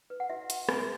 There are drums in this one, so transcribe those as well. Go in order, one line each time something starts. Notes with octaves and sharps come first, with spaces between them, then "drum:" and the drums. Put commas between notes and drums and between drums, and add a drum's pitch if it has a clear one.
B4
F#5
F#4 E5
F#4, drum: hi-hat
B4 G#5, drum: rim click